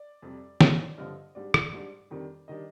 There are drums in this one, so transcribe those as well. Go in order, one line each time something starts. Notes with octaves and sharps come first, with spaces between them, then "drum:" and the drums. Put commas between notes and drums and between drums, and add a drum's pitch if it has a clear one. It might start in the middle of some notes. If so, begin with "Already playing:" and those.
Already playing: D5
F2 C3 G3
G2 D3 F3, drum: snare
G2 D3 F3 D#5
G#2 G3 D4 D5
D5, drum: rim click
G#2 G3 D4 D5
F2 D#3 G3 D4
D#3 G3 D4 D#5